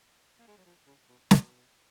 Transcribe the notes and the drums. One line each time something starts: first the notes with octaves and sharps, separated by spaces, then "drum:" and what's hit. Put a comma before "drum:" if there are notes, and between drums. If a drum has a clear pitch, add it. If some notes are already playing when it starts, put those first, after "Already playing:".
A#3
G#3
F#3
F3
C#3
B2
B2, drum: snare